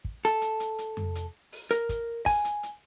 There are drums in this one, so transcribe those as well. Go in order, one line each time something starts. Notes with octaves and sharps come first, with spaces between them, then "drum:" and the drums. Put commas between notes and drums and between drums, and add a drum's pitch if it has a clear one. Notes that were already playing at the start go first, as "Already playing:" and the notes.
drum: kick
A4, drum: hi-hat
drum: hi-hat
drum: hi-hat
drum: hi-hat
drum: tom F2
drum: hi-hat
drum: open hi-hat
A#4, drum: hi-hat
drum: kick, hi-hat
G#5, drum: kick, open hi-hat
drum: hi-hat
drum: hi-hat